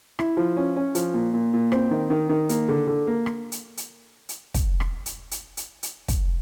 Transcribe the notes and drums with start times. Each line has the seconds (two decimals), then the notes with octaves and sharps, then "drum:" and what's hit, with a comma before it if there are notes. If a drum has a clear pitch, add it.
0.19 E4, drum: rim click
0.37 F3
0.57 C#4
0.76 C#4
0.95 F3, drum: hi-hat
1.14 A#2
1.34 A#2
1.53 A#2
1.72 C4, drum: rim click
1.91 D#3
2.10 D#3
2.29 D#3
2.49 A#3, drum: hi-hat
2.68 D3
2.87 D3
3.07 A#3
3.26 drum: rim click
3.52 drum: hi-hat
3.77 drum: hi-hat
4.29 drum: hi-hat
4.54 drum: kick, hi-hat
4.80 drum: rim click
5.06 drum: hi-hat
5.31 drum: hi-hat
5.57 drum: hi-hat
5.83 drum: hi-hat
6.08 drum: kick, hi-hat